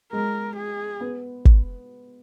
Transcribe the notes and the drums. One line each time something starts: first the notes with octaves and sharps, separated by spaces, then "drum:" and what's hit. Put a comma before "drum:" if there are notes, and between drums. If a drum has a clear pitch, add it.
G#3 A#4
G#4
B3
drum: kick